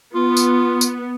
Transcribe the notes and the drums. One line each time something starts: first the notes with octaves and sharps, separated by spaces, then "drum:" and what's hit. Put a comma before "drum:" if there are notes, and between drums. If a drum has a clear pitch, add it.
B3 F4
drum: tambourine
drum: tambourine